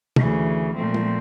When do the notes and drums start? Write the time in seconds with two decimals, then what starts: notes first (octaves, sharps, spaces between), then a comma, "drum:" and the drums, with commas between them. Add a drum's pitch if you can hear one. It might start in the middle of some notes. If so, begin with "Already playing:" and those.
0.16 D2 C#3 E3, drum: tom
0.75 A#2 F3 A3 C4
0.94 drum: tom